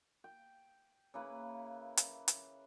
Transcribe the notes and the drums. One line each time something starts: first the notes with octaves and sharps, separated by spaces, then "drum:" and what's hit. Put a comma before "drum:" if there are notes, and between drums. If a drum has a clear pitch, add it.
G5
C#3 A#3 E4 B4
drum: hi-hat
drum: hi-hat